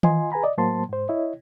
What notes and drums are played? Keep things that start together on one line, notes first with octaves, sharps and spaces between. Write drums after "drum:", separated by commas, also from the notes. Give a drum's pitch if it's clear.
F4 D#5 G#5 C6, drum: tom D#3
G#4 B4 G#5 A#5 B5
D5 D#5
A2 F#3 A#3 C5 A5 C6
G#2 C5
E4 C#5 D#5